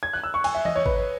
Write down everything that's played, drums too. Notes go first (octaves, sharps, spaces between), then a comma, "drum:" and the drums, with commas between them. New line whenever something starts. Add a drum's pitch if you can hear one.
G#6
F#6
E6
C#6
G#5, drum: cymbal
E5
D#5, drum: tom E3
C#5
B4, drum: kick G#1
B4